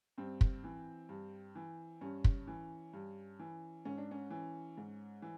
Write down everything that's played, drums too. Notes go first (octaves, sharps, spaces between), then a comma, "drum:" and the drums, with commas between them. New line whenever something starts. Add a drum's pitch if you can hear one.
G2 C4
drum: kick
E3
G2
E3
G2 C#4
drum: kick
E3
G2
E3
G#2 C#4
D4
C#4
E3
G#2
E3